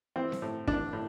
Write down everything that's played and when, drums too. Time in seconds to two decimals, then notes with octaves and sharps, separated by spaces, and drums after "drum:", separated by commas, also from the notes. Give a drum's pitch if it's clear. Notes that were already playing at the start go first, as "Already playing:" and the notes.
0.16 E3 C4
0.32 drum: snare C4
0.42 A2
0.67 E3 D4, drum: kick
0.93 A2